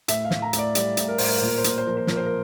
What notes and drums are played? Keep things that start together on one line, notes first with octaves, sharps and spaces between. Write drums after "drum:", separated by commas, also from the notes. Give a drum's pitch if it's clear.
A2 E5, drum: hi-hat
F5
A2, drum: snare
A#5
A2, drum: hi-hat
D5
G3 D5, drum: hi-hat
A2, drum: hi-hat
A#4
A2 C5, drum: open hi-hat
A#4
A#2 C5
A#4
C5
A#2 A#4, drum: hi-hat
C5
F3 A#4
C5
F3 A#4, drum: snare
C5
A#4